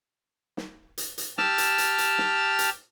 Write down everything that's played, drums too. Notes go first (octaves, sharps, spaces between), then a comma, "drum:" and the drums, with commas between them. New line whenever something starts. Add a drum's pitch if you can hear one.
drum: snare
drum: hi-hat
drum: hi-hat
G4 A5 E6 F6, drum: snare
drum: hi-hat
drum: hi-hat
drum: hi-hat
drum: snare
drum: hi-hat